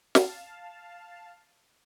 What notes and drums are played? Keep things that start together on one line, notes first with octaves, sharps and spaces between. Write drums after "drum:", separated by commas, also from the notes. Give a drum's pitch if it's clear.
F5 A5, drum: snare